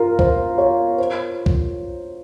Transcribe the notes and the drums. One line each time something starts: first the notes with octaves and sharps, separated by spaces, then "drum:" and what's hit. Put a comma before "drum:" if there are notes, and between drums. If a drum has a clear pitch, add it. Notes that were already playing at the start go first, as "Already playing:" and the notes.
Already playing: F4 A#4
C5, drum: kick
C#5
C5
drum: kick